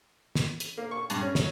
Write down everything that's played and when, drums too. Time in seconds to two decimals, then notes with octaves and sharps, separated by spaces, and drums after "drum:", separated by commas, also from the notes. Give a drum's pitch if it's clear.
0.35 drum: snare
0.60 drum: hi-hat
0.77 A#3
0.91 C#6
1.10 G2, drum: hi-hat
1.21 C#4
1.35 F#3, drum: snare